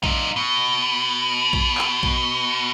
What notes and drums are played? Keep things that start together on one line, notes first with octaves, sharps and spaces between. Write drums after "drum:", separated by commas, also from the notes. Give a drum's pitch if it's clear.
D#4 F4, drum: kick A#1
B2
drum: kick A#1
drum: clap
drum: kick A#1